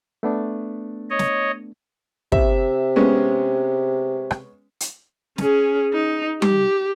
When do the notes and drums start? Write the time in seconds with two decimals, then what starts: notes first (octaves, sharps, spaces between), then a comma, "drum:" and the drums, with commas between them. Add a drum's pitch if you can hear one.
0.23 A3 B3 D4
1.10 C#5 D#5
1.19 drum: snare
2.32 C3 E5, drum: kick
2.96 G#3 B3 C#4
4.31 drum: rim click
4.80 drum: hi-hat
5.38 C#4 G#4, drum: snare
5.93 D#4
6.42 G4, drum: tom G3